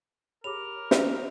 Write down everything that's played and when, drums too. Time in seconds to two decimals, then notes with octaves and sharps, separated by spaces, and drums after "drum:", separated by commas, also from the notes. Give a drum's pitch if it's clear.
0.44 G4 G#4 A#4 C#5 B5 D6 F7
0.91 drum: snare